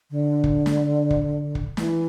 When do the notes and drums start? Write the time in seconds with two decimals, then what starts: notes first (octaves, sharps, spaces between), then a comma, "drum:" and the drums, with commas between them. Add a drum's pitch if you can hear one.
0.10 D3
0.44 drum: kick
0.66 drum: snare
1.10 drum: kick
1.55 drum: kick
1.77 E3, drum: snare